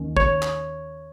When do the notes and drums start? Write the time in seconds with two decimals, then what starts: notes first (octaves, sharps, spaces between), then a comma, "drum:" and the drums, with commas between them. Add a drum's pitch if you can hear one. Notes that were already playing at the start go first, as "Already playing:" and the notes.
Already playing: D#2 D#3 A#3 C#4
0.17 C#5, drum: kick
0.42 drum: clap